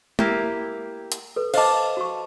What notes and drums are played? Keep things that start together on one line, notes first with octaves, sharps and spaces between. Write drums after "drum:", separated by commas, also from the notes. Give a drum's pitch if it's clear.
A#3 E4 G4, drum: tom G#3
drum: hi-hat
A4 B4
C5 D#5 F5 A5 D6, drum: cymbal
F#4 C#6